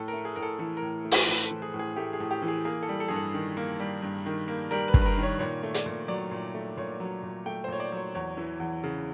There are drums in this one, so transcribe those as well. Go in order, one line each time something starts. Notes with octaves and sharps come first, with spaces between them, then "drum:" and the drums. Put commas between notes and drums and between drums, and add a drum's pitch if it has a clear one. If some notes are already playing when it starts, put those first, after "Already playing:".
Already playing: A2 A4
A#4
A3
G#4
A2 A#4
A4
E3 A4
A#4
A2
A3
C5, drum: open hi-hat
A2 B4
A4
E3
G#4
A2
G#4
A3 G4
G#4
A2
G4
E3
G#4
A#3 G#4
A4
G3
A4
G2 G#4
A4
D#3
A#3
G3
G2
D#3
A#3
G3 A#4
B4
G2, drum: kick
B4
A#4
D#3
C#5
A#2 C#5
A3
D5, drum: hi-hat
A#2
F#3 D5
A#2
A3
A#2 C#5
F#3
A#2
A3 G5
C5
A#2 C#5
D5
F#3 C#5
E2 C#5
E3
E2
C#3